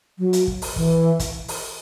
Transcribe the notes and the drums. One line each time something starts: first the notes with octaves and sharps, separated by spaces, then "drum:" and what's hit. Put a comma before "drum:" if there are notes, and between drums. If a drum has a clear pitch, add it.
F#3
drum: hi-hat
drum: kick
drum: open hi-hat
E3, drum: kick
drum: kick, hi-hat
drum: open hi-hat